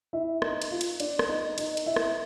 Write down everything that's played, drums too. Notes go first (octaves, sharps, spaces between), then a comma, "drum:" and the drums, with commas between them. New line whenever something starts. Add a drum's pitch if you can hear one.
E4 E5
D#4 D#5, drum: rim click
drum: cymbal
F4 F5
drum: cymbal
D4 D5, drum: cymbal
drum: rim click
D#4 D#5
D#4 D#5, drum: cymbal
drum: cymbal
E4 E5
drum: rim click